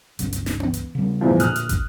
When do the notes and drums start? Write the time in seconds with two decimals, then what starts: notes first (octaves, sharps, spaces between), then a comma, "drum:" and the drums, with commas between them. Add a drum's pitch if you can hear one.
0.19 G1 C#2, drum: hi-hat
0.33 drum: hi-hat
0.46 drum: snare
0.60 drum: tom B3
0.74 drum: hi-hat
0.95 C#3 G3
1.21 E2 A2 F3
1.40 A#2 D3 D#6 F6 F#6, drum: hi-hat
1.56 drum: hi-hat
1.69 drum: kick, hi-hat